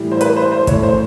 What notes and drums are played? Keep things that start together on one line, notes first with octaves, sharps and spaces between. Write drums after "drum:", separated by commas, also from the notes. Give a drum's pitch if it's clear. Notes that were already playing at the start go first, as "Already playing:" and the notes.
Already playing: A2 E3 G3
C5
B4, drum: hi-hat
C5
C5
A2 E3 A3 C#5, drum: kick, hi-hat
C5